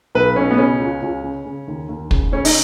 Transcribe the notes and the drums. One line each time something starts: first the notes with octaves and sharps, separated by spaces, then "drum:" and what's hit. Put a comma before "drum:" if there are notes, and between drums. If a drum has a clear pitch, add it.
B1 B4
B2 C#4
B3
C#3 C#4
C#2
C#2
C#3
C#3
D#2
D#2
C#3, drum: kick
C#3 C#4
D#4, drum: open hi-hat